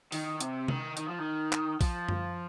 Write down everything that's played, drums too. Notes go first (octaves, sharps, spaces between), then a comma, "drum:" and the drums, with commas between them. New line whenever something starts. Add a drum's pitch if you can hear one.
D#3, drum: open hi-hat
C3, drum: hi-hat
D#3, drum: tom C3
D#3, drum: hi-hat
F3
D#3
drum: clap
F3, drum: kick A#1, open hi-hat
drum: tom F#2